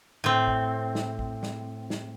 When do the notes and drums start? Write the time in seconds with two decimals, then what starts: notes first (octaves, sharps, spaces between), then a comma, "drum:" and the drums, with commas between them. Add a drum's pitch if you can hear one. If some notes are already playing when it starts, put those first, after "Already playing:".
0.24 A2 C4
0.48 drum: kick A1
0.95 drum: snare
1.19 drum: kick A1
1.43 drum: snare
1.90 drum: snare